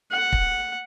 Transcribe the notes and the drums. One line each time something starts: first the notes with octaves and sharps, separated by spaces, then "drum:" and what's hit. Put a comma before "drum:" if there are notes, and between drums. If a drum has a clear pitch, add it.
F#5
drum: kick